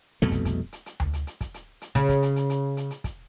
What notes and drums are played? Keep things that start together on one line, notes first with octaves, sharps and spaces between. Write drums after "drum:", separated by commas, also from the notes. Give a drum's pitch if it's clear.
C2 F2 B2 A3
drum: kick, hi-hat
drum: kick, hi-hat
drum: hi-hat
drum: hi-hat
drum: tom D2
drum: hi-hat
drum: hi-hat
drum: kick, hi-hat
drum: hi-hat
drum: hi-hat
C#3, drum: kick, hi-hat
drum: kick, hi-hat
drum: hi-hat
drum: hi-hat
drum: hi-hat
drum: hi-hat
drum: hi-hat
drum: kick, hi-hat